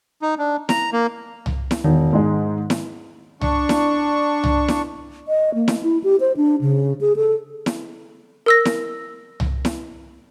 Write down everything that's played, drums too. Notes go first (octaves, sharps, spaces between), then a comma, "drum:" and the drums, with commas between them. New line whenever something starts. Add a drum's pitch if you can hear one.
D#4
D4
A#5, drum: snare E4
A#3
drum: tom C2
drum: snare E4
E1 D#3
G#2 G#3
drum: snare E4
D4 C#6, drum: tom C2
drum: snare E4
drum: tom C2
drum: snare E4
D#5
A#3
drum: snare E4
E4
G4
C5
D4
C#3
G#4
A4
drum: snare E4
A#4 E6 A#6
drum: snare E4
drum: tom C2
drum: snare E4